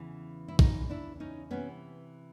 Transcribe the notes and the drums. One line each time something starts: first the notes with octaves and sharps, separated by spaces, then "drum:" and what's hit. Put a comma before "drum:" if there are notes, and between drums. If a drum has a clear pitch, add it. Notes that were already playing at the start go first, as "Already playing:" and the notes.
Already playing: E2 C#3 E3
E4
E2 C#3 E3 D#4 F4, drum: kick
D4 E4
C#4 D#4
C3 E3 B3 C#4